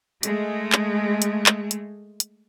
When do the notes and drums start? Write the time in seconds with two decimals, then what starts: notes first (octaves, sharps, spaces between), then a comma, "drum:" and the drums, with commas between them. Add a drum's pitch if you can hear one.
0.23 G#3 A3, drum: hi-hat
0.72 drum: clap
1.22 drum: hi-hat
1.46 drum: clap
1.71 drum: hi-hat
2.20 drum: hi-hat